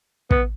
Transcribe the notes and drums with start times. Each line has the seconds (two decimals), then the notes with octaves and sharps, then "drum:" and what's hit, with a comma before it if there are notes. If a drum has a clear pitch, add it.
0.31 B3, drum: kick